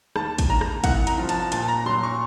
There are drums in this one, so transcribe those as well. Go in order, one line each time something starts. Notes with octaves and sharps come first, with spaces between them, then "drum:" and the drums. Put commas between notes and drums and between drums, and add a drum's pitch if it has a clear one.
D#2 A5, drum: rim click
drum: kick, hi-hat
D#2 A#5
drum: rim click
C2 F#5, drum: kick, hi-hat
A#5, drum: hi-hat
F3
A5, drum: hi-hat
A#2 A5, drum: hi-hat
A#5
F#3 C6
C#6